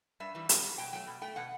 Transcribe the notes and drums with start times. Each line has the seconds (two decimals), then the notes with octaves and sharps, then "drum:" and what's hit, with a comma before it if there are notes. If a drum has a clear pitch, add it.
0.20 G2 E5
0.35 E3 G3
0.49 B2, drum: hi-hat
0.63 G3
0.78 B2 G5
0.93 F#3 A3 G5
1.07 B2
1.22 A3 G5
1.36 B2 F#5